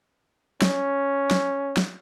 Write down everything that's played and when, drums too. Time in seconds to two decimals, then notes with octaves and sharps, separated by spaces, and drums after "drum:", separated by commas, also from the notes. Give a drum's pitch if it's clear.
0.62 C#4, drum: snare
1.31 drum: snare
1.77 drum: snare